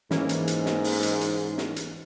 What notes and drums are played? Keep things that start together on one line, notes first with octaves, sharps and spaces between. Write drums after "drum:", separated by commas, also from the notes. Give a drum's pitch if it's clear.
G#2 E3 A#3 C#4, drum: snare
drum: hi-hat
drum: hi-hat
drum: snare
drum: open hi-hat
drum: hi-hat
drum: hi-hat
drum: snare
drum: hi-hat